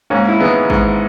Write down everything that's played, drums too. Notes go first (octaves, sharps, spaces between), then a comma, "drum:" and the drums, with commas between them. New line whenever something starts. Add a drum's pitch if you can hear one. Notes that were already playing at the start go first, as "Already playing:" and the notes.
G#2 A#3 C#4
E4
E3 G#3 B3 D#4
G#2, drum: kick